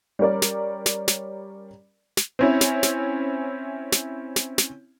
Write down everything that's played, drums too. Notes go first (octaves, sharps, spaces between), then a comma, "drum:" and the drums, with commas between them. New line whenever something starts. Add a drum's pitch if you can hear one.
G3 C#4 A#4 D5
drum: snare
drum: snare
drum: snare
drum: snare
C4 C#4 E4
drum: snare
drum: snare
drum: snare
drum: snare
drum: snare